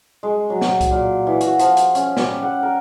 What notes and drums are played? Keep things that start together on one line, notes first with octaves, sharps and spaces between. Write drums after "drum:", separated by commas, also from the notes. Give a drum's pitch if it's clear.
G#3
F#3
drum: snare
drum: kick C2, hi-hat
A#2
E3
F#4, drum: hi-hat
F3, drum: hi-hat
drum: hi-hat
C#4, drum: hi-hat
G3, drum: snare
F#5
A#4